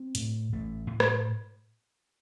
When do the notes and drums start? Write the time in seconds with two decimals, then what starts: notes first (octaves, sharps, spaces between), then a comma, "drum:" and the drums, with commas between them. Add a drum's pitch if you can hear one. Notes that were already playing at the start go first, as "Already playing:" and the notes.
Already playing: C4
0.15 A2, drum: hi-hat
0.52 A1 A3
0.90 A2
1.00 drum: rim click